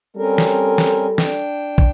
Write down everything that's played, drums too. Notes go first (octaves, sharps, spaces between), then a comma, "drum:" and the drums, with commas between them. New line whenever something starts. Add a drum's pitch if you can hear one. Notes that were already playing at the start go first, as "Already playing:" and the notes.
G3 C4 C#4 A4 A#4
drum: snare
drum: snare
D4 G5, drum: snare
drum: kick